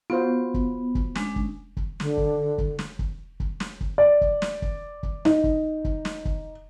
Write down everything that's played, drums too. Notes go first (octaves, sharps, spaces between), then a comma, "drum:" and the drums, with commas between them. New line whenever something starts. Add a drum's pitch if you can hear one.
B3 F4 F#4 C5
drum: kick
drum: kick
G#3 C#4 D4, drum: snare
drum: kick
drum: kick
D3, drum: snare
drum: kick
drum: kick
drum: snare
drum: kick
drum: kick
drum: snare
drum: kick
D5
drum: kick
drum: snare
drum: kick
drum: kick
D#4, drum: snare
drum: kick
drum: kick
drum: snare
drum: kick